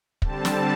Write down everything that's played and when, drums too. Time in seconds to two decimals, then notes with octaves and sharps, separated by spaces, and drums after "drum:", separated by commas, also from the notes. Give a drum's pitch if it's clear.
0.22 D3 G3 C4 A5, drum: kick
0.45 drum: snare